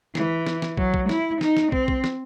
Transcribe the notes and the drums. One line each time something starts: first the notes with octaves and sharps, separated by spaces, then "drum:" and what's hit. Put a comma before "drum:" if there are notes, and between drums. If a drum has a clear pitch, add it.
E3, drum: snare
drum: snare
drum: snare
F#3, drum: kick
drum: kick
E4, drum: snare
D#4, drum: snare
drum: snare
C4, drum: kick
drum: kick
drum: snare